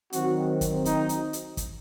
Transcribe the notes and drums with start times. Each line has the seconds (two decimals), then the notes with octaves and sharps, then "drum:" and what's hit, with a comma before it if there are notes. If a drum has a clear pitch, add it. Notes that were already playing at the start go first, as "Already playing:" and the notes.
0.13 D#3 F#3 C4 F#4, drum: hi-hat
0.61 drum: kick, hi-hat
0.85 D#4, drum: hi-hat
1.09 drum: hi-hat
1.33 drum: hi-hat
1.57 drum: kick, hi-hat